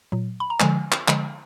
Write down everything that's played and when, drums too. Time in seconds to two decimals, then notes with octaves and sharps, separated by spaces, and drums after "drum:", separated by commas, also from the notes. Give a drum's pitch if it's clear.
0.12 A#2 F#3
0.40 B5
0.50 A#5
0.60 D3 F3 G#3 G#5, drum: clap
0.92 drum: clap
1.08 D3 F3 G#3, drum: clap